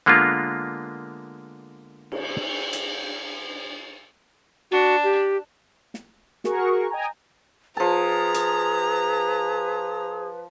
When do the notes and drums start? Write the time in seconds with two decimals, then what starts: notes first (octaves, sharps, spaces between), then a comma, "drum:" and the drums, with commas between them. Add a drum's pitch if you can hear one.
0.06 D3 G#3 A#3 B3 D4 F4
2.12 drum: cymbal
2.73 drum: hi-hat
4.71 D4 F#4
5.04 G4
5.94 drum: snare
6.44 F#4 G#4 A#4 C#6, drum: snare
6.90 D#5 G5 G#5 A#5
7.77 F3 G#4 B4 A5 A#5
8.34 drum: hi-hat